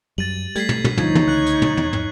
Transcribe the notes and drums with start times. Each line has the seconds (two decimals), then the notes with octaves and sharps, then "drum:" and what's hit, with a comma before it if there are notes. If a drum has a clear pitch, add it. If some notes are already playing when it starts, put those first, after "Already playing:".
0.18 F#2 G3 A6 D#7 F#7
0.56 G3 A3 G#6 B6 C7, drum: hi-hat
0.69 drum: tom
0.84 drum: tom
0.98 D2 F3 D#4 C#5 G#6, drum: tom
1.15 drum: tom
1.28 C#2 F#6 F#7
1.46 drum: hi-hat
1.62 drum: tom
1.77 E2, drum: tom
1.93 drum: tom